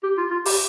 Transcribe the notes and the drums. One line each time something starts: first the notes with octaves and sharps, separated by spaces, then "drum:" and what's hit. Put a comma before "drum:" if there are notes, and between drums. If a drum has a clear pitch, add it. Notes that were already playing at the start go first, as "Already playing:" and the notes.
G4
F4
F4
G4, drum: open hi-hat